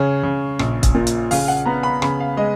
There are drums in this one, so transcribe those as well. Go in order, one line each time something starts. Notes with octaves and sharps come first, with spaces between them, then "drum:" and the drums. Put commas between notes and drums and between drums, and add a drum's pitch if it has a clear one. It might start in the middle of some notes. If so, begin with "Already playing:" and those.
Already playing: C#3 C#5
C#3
A#1, drum: rim click
drum: kick, hi-hat
A#2
drum: hi-hat
C#3 F5, drum: open hi-hat
F#5
B3 A#5
B5
C#3 B5, drum: rim click
F5
G#3 D#5